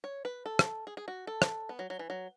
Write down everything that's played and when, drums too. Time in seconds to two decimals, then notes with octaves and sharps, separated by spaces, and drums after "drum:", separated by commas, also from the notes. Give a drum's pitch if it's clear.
0.04 C#5
0.25 B4
0.46 A4
0.59 drum: rim click
0.87 G#4
0.97 G#4
1.08 F#4
1.27 A4
1.42 drum: rim click
1.69 B3
1.79 F#3
1.90 F#3
1.99 E3
2.10 F#3